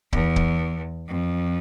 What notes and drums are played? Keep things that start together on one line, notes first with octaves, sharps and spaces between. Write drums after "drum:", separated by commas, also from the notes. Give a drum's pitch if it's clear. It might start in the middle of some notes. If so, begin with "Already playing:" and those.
E2, drum: kick C#1
drum: kick C#1
F2